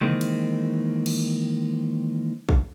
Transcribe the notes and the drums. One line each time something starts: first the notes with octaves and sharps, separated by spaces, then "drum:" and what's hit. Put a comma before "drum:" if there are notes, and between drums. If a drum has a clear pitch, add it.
D#3 E3 G#3 A#3 C4 D#4, drum: tom C3
drum: cymbal
drum: cymbal
drum: kick